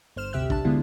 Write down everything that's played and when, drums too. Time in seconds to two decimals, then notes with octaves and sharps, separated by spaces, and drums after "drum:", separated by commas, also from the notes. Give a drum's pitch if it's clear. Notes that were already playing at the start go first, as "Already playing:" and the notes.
0.16 G1 C5 F6 E7
0.33 D2 C3 G4 E5 E6 F#6
0.50 D4 A5, drum: kick A#1
0.65 D3 G#3 B3 D4 E4 F4